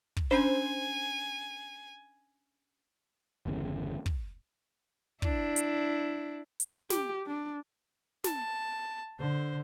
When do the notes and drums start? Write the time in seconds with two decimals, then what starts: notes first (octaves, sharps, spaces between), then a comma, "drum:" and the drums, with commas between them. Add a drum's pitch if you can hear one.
0.17 drum: kick
0.31 C#4 D4 C5 G#5
3.46 G1 E2 C#3
4.06 drum: kick
5.22 D4 E4, drum: kick
5.56 drum: hi-hat
6.60 drum: hi-hat
6.90 G4, drum: snare
7.27 D4
8.24 A5, drum: snare
9.20 D3 C5